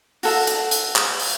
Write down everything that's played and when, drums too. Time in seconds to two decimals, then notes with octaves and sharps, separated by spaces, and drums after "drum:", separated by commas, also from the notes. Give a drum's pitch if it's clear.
0.23 F#4 A4 F5, drum: open hi-hat
0.47 drum: hi-hat
0.71 drum: hi-hat
0.95 drum: clap
1.20 drum: open hi-hat